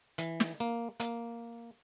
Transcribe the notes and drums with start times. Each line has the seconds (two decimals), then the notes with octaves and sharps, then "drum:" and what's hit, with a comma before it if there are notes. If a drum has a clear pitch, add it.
0.18 E3, drum: hi-hat
0.40 drum: snare
0.60 A#3
1.00 A#3, drum: hi-hat